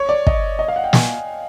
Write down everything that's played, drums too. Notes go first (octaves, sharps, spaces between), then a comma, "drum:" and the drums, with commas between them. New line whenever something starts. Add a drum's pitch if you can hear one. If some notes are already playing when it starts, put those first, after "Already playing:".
Already playing: C#5
D5
D#5, drum: kick
D#5
F5
F#5
G5
G#5, drum: snare